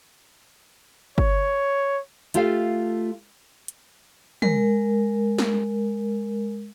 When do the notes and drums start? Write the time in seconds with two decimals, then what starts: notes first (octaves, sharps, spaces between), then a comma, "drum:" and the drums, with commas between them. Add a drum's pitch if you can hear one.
1.18 C#5, drum: kick G1
2.34 A3 F4 G4 A4 F5, drum: hi-hat
3.68 drum: hi-hat
4.42 G#3 A#4, drum: tom
5.38 drum: snare